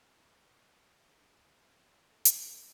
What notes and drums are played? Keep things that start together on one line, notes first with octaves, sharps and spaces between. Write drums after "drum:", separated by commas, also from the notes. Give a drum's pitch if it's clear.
B4 B5
C#6
B4
C#6
B4
C#6
E5 D6
E5
B4
D5
A4
drum: hi-hat
A4